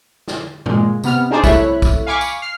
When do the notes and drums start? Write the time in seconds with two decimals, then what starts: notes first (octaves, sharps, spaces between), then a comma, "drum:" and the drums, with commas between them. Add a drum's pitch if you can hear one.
0.28 drum: snare
0.66 A#2 G#3, drum: tom G2
1.04 C3 B3 F6, drum: tambourine
1.31 D4 D#4 G#4 C5 D5
1.44 C2 A3 E4 C#5 B5 F#6, drum: kick B1, tambourine
1.82 drum: kick B1, tambourine
2.07 F5 G#5 B5 C#6 D6
2.21 drum: tambourine
2.42 F6 C7